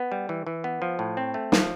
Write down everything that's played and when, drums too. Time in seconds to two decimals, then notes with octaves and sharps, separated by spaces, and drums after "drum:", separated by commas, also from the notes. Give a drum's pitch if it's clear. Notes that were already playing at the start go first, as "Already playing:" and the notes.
Already playing: B3
0.12 G3
0.29 E3
0.47 E3
0.64 B3
0.82 F3
0.99 A2
1.17 C4
1.34 A3
1.52 F3, drum: snare